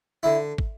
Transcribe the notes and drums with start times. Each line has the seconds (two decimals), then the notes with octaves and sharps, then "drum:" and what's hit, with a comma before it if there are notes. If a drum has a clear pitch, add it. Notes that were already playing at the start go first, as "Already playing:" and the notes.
0.23 D3 E4
0.58 drum: kick